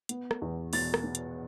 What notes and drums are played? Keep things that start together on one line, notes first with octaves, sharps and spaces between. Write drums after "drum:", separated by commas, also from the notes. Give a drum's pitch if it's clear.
B3, drum: hi-hat
drum: rim click
E2
B2 A6, drum: open hi-hat
drum: rim click
B2
drum: hi-hat